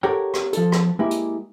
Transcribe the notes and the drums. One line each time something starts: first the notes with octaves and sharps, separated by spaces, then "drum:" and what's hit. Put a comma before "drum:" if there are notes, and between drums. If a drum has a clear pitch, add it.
G4 A4 A#4 C#5 F#5 G5
drum: rim click
F3 A4, drum: hi-hat
drum: rim click
G#3 A#3 E4 G4
drum: hi-hat